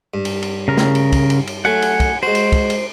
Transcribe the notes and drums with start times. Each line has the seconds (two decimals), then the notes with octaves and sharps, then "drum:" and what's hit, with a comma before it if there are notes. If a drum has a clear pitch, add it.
0.14 G2
0.25 drum: cymbal
0.42 drum: cymbal
0.68 C#3 A#4
0.77 drum: snare
0.95 drum: cymbal
1.12 drum: kick, cymbal
1.30 drum: cymbal
1.47 drum: cymbal
1.65 F#3 A3 F#5 G#5
1.82 drum: cymbal
2.00 drum: kick, cymbal
2.23 G#3 F#4 C5
2.35 drum: cymbal
2.52 drum: kick, cymbal
2.70 drum: cymbal